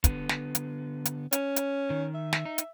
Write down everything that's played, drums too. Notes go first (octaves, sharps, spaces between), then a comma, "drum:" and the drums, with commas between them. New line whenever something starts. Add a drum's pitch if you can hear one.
D3 B3, drum: kick, hi-hat
drum: snare
drum: hi-hat
drum: hi-hat
C#4, drum: hi-hat
drum: hi-hat
D#3
E5
drum: snare
D#4
drum: hi-hat